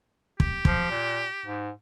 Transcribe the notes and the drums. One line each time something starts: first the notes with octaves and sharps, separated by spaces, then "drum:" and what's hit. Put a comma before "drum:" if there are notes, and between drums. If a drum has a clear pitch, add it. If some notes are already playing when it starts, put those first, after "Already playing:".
G4, drum: kick
F3, drum: kick
A#2
G#2